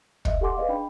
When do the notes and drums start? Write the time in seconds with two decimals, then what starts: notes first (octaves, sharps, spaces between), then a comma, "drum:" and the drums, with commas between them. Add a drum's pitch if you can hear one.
0.25 D#5 E5, drum: kick
0.41 G4 A4 F#5 G#5 C6 D6
0.57 G#4 B4 D5 D#5 F5
0.69 D4 G5 B5